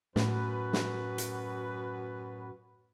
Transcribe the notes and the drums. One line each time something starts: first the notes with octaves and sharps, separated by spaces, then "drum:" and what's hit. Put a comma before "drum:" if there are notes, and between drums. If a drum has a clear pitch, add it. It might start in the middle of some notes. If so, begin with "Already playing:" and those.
F#2 A2 F#4 B4, drum: snare
drum: snare
drum: hi-hat